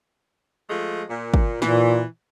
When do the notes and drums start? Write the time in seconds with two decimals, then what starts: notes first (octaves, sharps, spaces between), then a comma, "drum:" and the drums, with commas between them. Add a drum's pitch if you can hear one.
0.70 F3 G#3 A3
1.10 A#2
1.34 drum: kick
1.62 A#2 E3, drum: snare